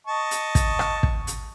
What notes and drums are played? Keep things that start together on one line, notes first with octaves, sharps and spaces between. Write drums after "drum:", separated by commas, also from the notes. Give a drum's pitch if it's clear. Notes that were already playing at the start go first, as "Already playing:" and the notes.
D#5 A5 C#6
drum: hi-hat
drum: kick, hi-hat
drum: rim click
drum: kick
drum: hi-hat